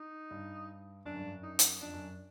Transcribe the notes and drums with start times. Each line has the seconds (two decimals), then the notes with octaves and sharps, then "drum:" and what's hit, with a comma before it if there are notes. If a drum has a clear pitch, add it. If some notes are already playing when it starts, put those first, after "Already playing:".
Already playing: D#4
0.31 G2
1.05 F#2 D4
1.16 G2
1.27 F#2
1.43 D#4
1.59 drum: hi-hat
1.81 F2 D4
1.94 F#2